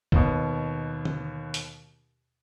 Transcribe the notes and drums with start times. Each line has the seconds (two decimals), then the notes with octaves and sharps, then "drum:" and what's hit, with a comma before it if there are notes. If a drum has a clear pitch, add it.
0.12 D#2 B2, drum: kick
1.05 drum: tom D3
1.54 drum: hi-hat